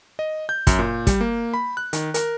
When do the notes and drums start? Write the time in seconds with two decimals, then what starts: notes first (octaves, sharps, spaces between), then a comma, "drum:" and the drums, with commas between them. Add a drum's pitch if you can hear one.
0.19 D#5
0.49 G6
0.67 F#2, drum: kick, hi-hat
0.79 A#2
1.07 G3, drum: kick, hi-hat
1.21 A#3
1.54 B5
1.77 F#6
1.93 D#3, drum: hi-hat
2.14 A#4, drum: hi-hat